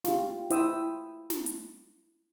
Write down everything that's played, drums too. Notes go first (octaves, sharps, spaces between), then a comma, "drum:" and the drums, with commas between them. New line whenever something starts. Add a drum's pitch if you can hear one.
F4 G4, drum: snare
E4 C5 E5 G5 D#6 E6, drum: hi-hat
drum: snare
drum: hi-hat